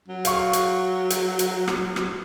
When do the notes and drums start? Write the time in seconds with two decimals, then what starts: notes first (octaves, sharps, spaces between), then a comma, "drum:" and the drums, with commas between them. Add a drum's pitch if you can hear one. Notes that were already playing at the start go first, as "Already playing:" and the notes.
0.08 F#3
0.25 F5 C#6, drum: hi-hat
0.53 drum: hi-hat
1.10 drum: hi-hat
1.39 drum: hi-hat
1.68 drum: rim click
1.96 drum: rim click